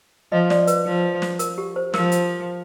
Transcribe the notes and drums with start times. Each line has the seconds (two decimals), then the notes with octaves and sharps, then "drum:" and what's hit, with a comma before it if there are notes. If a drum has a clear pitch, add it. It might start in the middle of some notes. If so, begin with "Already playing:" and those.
0.32 F3 D#5
0.50 D5, drum: snare
0.67 B4, drum: hi-hat
0.86 F3
1.22 drum: snare
1.39 A#4, drum: hi-hat
1.58 G4
1.76 C5
1.93 F3 A#4, drum: snare
2.12 drum: hi-hat